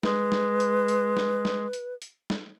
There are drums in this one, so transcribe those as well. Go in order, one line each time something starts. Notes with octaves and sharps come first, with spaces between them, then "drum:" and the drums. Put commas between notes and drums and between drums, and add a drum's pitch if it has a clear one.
G#3 B4, drum: snare
drum: snare
drum: hi-hat
drum: hi-hat
drum: snare
drum: snare
drum: hi-hat
drum: hi-hat
drum: snare